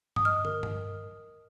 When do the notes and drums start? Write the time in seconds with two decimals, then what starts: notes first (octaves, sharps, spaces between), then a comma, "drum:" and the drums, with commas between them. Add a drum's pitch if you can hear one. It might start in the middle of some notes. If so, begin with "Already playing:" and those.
0.16 D#6, drum: tom G2
0.25 D#5 F6
0.45 A#4, drum: tom
0.63 A#4, drum: tom G2